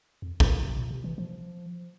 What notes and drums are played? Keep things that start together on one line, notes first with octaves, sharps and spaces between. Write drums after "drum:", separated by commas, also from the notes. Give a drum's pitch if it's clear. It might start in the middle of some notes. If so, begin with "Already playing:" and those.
F2
drum: kick
A#2
C3
A#2
C3
E3
F3